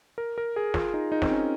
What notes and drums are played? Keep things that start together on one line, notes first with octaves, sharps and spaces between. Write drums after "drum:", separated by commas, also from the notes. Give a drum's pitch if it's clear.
A#4
A#4
G#4
F4, drum: snare
D#4
D#4
C4, drum: snare
C#4